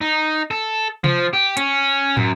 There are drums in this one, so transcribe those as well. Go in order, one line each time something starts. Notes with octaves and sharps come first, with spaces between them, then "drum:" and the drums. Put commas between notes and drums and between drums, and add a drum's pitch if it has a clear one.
D#4
A4
F3, drum: tom C3
G4
C#4, drum: hi-hat
F#2, drum: tom